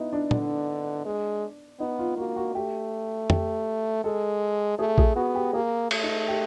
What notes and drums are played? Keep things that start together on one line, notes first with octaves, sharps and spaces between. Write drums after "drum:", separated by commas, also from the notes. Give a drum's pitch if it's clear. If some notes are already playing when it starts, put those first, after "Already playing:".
Already playing: B3 D#4 E4
D4
D3 D4, drum: tom
G#3
B3 D#4
F4
A#3 F#4
F#4
A3 G4
G4, drum: tom
G#3 A4
A3 G#4
G#4, drum: kick A#1
B3 F#4
G4
A#3 G#4
A3, drum: cymbal
D#4
G4